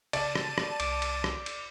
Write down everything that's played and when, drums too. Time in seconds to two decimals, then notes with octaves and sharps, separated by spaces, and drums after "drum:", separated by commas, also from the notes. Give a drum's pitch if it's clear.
0.13 C#3 D5 A5 D#7, drum: cymbal
0.36 drum: rim click
0.58 drum: rim click
0.80 C2 D6, drum: cymbal
1.02 drum: cymbal
1.24 drum: rim click
1.46 drum: cymbal